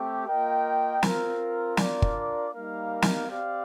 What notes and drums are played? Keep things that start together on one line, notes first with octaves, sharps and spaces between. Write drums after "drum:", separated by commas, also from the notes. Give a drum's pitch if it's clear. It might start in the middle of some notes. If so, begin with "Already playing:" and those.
Already playing: A3 C4 G4
A#3 F4 A#4 D#5 G5
C4 F4 A#4, drum: snare
D4 F4 A#4 D5, drum: snare
drum: kick
G3 A#3 D#4 A#4 F5
drum: snare
C4 G4 D5 F5